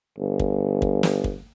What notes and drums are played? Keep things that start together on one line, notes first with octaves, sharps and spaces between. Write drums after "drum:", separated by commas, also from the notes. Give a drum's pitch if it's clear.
G1
drum: kick
drum: kick
drum: snare
drum: kick